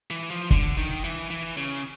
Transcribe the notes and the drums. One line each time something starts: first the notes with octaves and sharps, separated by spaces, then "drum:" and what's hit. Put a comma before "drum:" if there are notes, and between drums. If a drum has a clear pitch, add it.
E3
F3
D3, drum: kick
D#3
E3
E3
C#3